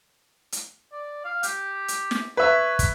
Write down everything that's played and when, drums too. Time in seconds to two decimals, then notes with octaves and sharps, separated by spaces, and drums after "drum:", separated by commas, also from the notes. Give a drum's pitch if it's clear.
0.52 drum: hi-hat
0.92 D5
1.24 F5
1.43 G4, drum: hi-hat
1.88 drum: hi-hat
2.11 drum: snare
2.37 B4 C#5 E5
2.79 drum: kick, hi-hat